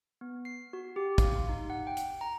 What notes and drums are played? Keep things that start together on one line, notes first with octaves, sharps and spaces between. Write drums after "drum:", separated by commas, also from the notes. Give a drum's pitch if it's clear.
B3
C7
F#4
G4
F5, drum: kick, hi-hat
C6
D#4
F#5
G5
drum: hi-hat
A#5